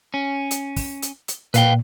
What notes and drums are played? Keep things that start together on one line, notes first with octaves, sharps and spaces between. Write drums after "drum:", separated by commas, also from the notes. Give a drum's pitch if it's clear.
C#4
drum: hi-hat
drum: kick, open hi-hat
drum: hi-hat
drum: hi-hat
A#2 B4 F5 G5, drum: hi-hat